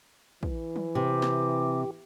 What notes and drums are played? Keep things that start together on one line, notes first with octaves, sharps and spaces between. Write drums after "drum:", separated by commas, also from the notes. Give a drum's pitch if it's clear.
E3, drum: kick
drum: tom F3
C3 G4 D6
drum: snare